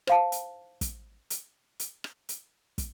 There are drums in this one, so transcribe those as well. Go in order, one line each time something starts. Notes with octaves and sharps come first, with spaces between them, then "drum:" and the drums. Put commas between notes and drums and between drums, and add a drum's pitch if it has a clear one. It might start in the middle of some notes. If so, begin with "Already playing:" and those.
C5 F5 A5, drum: rim click
drum: hi-hat
drum: kick, hi-hat
drum: hi-hat
drum: hi-hat
drum: rim click
drum: hi-hat
drum: kick, hi-hat